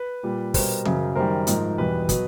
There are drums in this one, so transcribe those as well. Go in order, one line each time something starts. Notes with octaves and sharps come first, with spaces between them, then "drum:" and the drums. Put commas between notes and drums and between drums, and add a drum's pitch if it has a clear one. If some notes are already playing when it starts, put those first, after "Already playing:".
Already playing: B4
A#2 G3
B2 G3 A#4 C5, drum: kick, open hi-hat
F#2 C#3 F#3, drum: tom E3
F#2 D#3 G3 A#4 C5
G#2 F3, drum: hi-hat
E2 B2 G3 B4
B2 F#3, drum: kick, hi-hat